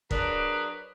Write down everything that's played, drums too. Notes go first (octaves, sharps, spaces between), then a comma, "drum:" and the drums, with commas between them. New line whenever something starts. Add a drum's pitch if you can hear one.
F#3 D4 G#4 A#4 B4, drum: kick